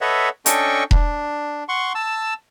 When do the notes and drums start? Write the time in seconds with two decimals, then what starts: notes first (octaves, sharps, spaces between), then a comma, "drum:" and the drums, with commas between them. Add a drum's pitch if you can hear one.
0.01 A4 B4 C#5 D#5 E5 F#5
0.46 C#4 D4 A4 D#5 G5 C#6, drum: hi-hat
0.91 D4, drum: kick E1
1.69 F#5 C6 C#6
1.95 A5 E6